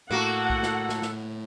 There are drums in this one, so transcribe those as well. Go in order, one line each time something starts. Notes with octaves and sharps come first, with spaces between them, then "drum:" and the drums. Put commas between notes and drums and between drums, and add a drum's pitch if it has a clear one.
A2 A#3 F#4 A4 F#5
drum: kick B1
drum: snare
drum: snare
drum: snare